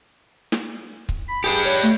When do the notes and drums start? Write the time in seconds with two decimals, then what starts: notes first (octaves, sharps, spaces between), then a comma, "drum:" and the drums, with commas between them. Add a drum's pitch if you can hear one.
0.52 drum: snare
1.09 drum: kick C#1
1.28 B5
1.44 G4 G#4 B4
1.65 C#5
1.83 A3